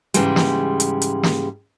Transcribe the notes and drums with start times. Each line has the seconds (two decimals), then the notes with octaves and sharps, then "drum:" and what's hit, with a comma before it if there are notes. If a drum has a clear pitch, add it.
0.14 G#2 C#3 E3 G3 G#3, drum: hi-hat
0.36 drum: snare
0.80 drum: hi-hat
1.02 drum: hi-hat
1.23 drum: snare